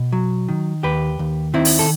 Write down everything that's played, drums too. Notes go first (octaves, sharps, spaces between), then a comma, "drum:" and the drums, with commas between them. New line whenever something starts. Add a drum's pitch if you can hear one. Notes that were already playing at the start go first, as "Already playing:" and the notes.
Already playing: B2
F#3
D#3
D#2 G4 B4
D#2
D#3 C4 E4
drum: open hi-hat
A4